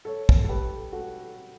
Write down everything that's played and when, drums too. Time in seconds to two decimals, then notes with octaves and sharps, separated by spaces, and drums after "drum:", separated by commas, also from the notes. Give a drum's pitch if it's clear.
0.05 A4 C#5
0.29 drum: kick
0.44 A4
0.49 G4 B4
0.92 F#4 A4